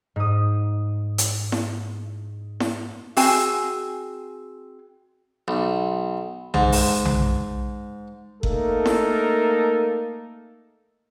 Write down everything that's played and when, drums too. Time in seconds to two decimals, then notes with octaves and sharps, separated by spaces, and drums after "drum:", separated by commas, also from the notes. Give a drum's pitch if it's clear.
0.16 G#2 D#6
1.18 drum: hi-hat
1.52 drum: snare E4
2.60 drum: snare E4
3.17 C4 F#4 G#4 G5 G#5, drum: open hi-hat
5.48 B1
6.54 G#2, drum: tom B1
6.72 drum: open hi-hat
7.05 drum: tom B1
8.43 A3 A#3 D#4 A4 A#4, drum: kick F#1
8.86 drum: snare E4